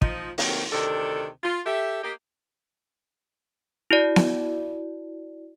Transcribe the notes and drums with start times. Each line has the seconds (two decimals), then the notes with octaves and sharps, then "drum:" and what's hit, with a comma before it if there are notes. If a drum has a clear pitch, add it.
0.02 F3 D#4, drum: kick
0.38 C3 D#3 F#3 A3 A#3 C4, drum: open hi-hat
0.72 D2 C3 D#3 D4 A4
1.44 F4
1.66 G4 A4 E5
2.03 A#3 G4 D#5
3.91 E4 F#4 D5
4.16 drum: snare B3